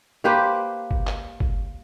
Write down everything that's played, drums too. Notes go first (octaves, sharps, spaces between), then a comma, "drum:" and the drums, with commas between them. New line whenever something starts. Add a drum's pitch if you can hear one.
A#3 G4 B4 C5
drum: kick G1
drum: clap
drum: kick G1